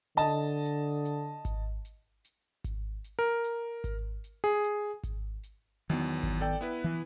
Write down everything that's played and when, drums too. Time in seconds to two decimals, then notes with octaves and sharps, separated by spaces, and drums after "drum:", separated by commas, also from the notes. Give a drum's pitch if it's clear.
0.17 D3 D#5 A5
0.65 drum: hi-hat
1.05 drum: hi-hat
1.45 drum: kick G#1, hi-hat
1.85 drum: hi-hat
2.25 drum: hi-hat
2.64 drum: kick G#1, hi-hat
3.04 drum: hi-hat
3.19 A#4
3.44 drum: hi-hat
3.84 drum: kick G#1, hi-hat
4.24 drum: hi-hat
4.44 G#4
4.64 drum: hi-hat
5.04 drum: kick G#1, hi-hat
5.43 drum: hi-hat
5.90 E2 D#3 F#3 B3
6.23 drum: kick G#1, hi-hat
6.41 A4 D5 G5
6.61 B3 E4 B4, drum: hi-hat
6.84 E3